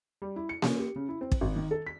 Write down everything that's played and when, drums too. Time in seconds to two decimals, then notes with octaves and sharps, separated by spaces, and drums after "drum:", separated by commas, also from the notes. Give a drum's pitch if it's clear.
0.22 G3
0.36 E4
0.49 C#7
0.62 C#4, drum: snare A#3
0.78 G4
0.96 C#3
1.09 E4
1.21 C4
1.32 drum: kick
1.41 G#1
1.56 D#3
1.71 A4
1.87 B6